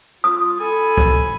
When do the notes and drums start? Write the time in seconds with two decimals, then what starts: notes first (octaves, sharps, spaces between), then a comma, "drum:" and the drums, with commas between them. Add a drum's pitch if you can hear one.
0.24 F4 D#6
0.60 A4 G#5 B5
0.98 drum: kick C#2